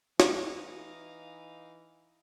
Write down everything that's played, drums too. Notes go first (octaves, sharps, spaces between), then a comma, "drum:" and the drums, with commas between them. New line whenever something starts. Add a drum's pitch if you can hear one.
E3 D#4 F5, drum: snare